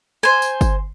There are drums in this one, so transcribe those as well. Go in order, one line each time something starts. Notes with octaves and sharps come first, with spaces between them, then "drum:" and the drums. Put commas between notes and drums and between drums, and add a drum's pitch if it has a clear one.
C5 G#5, drum: rim click
drum: tambourine
drum: kick G1, tambourine